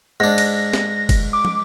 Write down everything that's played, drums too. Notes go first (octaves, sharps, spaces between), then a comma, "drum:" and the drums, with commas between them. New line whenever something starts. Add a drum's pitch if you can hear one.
G#2 D4 A#6
drum: cymbal
drum: snare
drum: kick F#1, cymbal
D6
drum: tom